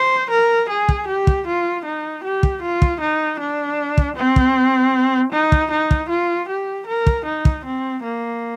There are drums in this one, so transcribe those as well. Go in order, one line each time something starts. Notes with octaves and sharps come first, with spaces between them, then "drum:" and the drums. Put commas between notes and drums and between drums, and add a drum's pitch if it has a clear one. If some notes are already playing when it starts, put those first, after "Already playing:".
Already playing: C5
A#4
G#4
drum: kick
G4
drum: kick
F4
D#4
G4
drum: kick
F4
drum: kick
D#4
D4
drum: kick
C4
drum: kick
D#4
drum: kick
D#4
drum: kick
F4
G4
A#4
drum: kick
D#4
drum: kick
C4
A#3